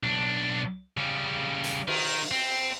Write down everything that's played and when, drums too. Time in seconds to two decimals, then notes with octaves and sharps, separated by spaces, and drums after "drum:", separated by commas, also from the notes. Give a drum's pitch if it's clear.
0.03 B1 D4
0.97 C#3 G3
1.64 drum: hi-hat
1.88 D#3, drum: cymbal
2.31 C4